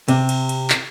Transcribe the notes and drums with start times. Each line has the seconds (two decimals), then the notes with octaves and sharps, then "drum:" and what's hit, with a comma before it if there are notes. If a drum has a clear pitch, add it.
0.08 C3, drum: cymbal
0.29 drum: cymbal
0.49 drum: cymbal
0.70 drum: clap